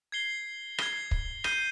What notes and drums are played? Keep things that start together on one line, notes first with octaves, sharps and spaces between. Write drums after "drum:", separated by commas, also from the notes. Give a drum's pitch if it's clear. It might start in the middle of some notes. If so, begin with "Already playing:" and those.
G#6 C7 G7
G#6 C7 G7, drum: rim click
drum: kick
G6 C7 D#7 G7, drum: rim click